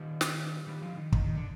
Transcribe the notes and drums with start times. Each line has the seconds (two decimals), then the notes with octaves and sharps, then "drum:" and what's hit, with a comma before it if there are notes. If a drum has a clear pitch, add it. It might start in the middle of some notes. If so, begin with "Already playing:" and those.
Already playing: D#3 G3
0.21 drum: snare
0.66 D#3 G3
0.81 D3 F3
0.98 D#3
1.12 D#3, drum: kick
1.24 D#3
1.35 D3